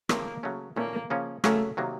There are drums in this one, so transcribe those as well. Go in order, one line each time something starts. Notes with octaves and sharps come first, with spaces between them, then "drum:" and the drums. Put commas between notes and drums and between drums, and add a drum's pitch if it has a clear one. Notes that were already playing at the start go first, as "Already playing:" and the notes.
C#3 F3 A3 A#3 C4, drum: rim click
C#3 F#3 A3 C#4
A#2 A3 A#3 C#4
C#3 F3 A#3 C#4
C#3 F#3 A3 A#3 C#4, drum: rim click
C3 D#3 F#3 A#3